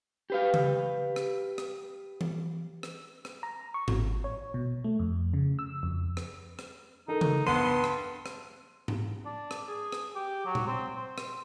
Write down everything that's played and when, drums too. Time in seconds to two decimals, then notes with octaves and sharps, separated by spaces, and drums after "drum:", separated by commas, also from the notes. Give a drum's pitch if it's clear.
0.30 G4 B4 F5
0.54 drum: tom C#3
1.16 drum: rim click
1.58 drum: rim click
2.21 drum: tom E3
2.83 drum: rim click
3.25 drum: rim click
3.43 A#5
3.74 C#6
3.88 G#1, drum: tom G#2
4.24 C#5
4.54 B2
4.84 A3
4.99 F2
5.34 C#3
5.59 E6
5.83 F2
6.17 drum: rim click
6.59 drum: rim click
7.08 D#4 A4 A#4
7.21 drum: tom C#3
7.47 G2 B3 C6 D#7
7.84 drum: rim click
8.26 drum: rim click
8.88 drum: tom G#2
9.25 D4
9.51 drum: rim click
9.68 G#4
9.92 drum: rim click
10.15 G4
10.45 F#3
10.55 drum: tom A#2
10.67 C4
10.96 C5
11.18 drum: rim click